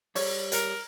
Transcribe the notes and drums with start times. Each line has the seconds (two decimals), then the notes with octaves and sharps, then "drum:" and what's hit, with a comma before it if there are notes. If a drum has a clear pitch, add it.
0.15 G3 C#5, drum: open hi-hat
0.52 A#4, drum: hi-hat